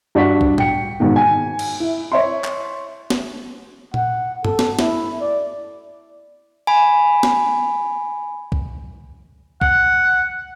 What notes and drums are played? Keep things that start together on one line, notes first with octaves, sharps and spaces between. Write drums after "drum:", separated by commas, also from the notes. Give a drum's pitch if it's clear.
G2 D4 F#4 C#6 B6
drum: kick
G5 C#7, drum: tom A2
G#2 B2 D#3
G#5
drum: cymbal
E4
C#5 E5 C6
drum: clap
drum: snare
F#5, drum: tom A#2
A4, drum: tom G2
drum: snare
E4, drum: snare
D5
G#5 B5
drum: snare
drum: kick
F#5, drum: kick